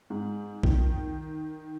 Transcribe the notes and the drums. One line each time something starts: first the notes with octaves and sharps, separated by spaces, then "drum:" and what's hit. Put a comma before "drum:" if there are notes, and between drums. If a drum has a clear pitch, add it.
G#2
D#3, drum: kick